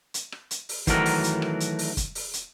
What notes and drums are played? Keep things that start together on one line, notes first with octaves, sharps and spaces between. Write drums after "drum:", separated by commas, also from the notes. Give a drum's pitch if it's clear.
drum: hi-hat
drum: rim click
drum: hi-hat
drum: open hi-hat
D#3 E3 F#3 A3 F#4 A#4, drum: kick, hi-hat
drum: open hi-hat
drum: hi-hat
drum: rim click
drum: hi-hat
drum: open hi-hat
drum: kick, hi-hat
drum: open hi-hat
drum: hi-hat